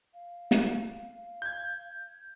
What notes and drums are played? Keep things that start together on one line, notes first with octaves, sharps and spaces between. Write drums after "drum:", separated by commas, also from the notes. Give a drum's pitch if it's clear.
F5
drum: snare
G6 G#6